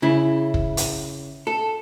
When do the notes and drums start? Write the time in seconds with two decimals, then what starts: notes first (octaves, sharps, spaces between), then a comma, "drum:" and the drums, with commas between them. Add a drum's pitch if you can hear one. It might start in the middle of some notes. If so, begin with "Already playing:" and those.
0.02 C#3 E4
0.54 drum: kick
0.77 drum: hi-hat
1.47 A4